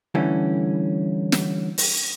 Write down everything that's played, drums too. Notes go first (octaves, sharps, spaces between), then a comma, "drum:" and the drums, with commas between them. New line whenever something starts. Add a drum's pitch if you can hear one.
D3 E3 G3 A3 C#4
drum: snare
drum: open hi-hat